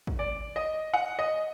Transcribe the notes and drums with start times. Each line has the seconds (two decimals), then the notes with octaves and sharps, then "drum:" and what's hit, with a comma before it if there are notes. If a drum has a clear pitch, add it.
0.07 drum: kick
0.19 D5
0.56 D#5
0.94 F#5
1.19 D#5